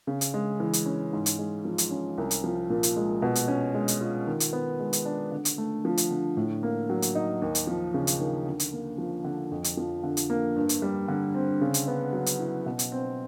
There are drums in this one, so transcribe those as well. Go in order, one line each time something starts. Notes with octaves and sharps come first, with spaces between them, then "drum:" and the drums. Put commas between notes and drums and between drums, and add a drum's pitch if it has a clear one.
C#3
drum: hi-hat
G#3
E3
drum: hi-hat
C#4
G#2
drum: hi-hat
G#3
F3
drum: hi-hat
C#4
C2
drum: hi-hat
F3
A#2
drum: hi-hat
G#3
B2
drum: hi-hat
C#4
G#3
drum: hi-hat
F4
D#3
drum: hi-hat
B3
G#3
drum: hi-hat
D4
D3
drum: hi-hat
A3
F3
drum: hi-hat
D3
A2
A#3
F#3
drum: hi-hat
D#4
D#2
drum: hi-hat
F3
C#3
drum: hi-hat
D#2
D3
drum: hi-hat
A#3
F3
D3
F2
drum: hi-hat
F3
D3
drum: hi-hat
A#3
G2
drum: hi-hat
G3
D3
C4
C#3
drum: hi-hat
B3
F#3
drum: hi-hat
E4
B2
drum: hi-hat
C4